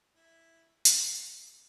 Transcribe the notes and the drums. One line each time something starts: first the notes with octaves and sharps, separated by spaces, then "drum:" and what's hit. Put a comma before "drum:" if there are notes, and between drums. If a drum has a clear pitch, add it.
E4
drum: hi-hat